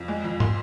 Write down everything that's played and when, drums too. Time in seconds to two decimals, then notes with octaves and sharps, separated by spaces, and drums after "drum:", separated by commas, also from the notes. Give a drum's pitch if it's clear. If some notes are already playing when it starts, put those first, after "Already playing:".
Already playing: F2
0.08 G#3
0.24 F2
0.40 C6, drum: tom